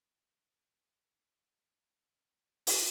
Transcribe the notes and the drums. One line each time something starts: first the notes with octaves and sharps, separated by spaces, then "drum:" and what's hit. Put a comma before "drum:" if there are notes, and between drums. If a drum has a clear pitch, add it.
G5
G#4
drum: open hi-hat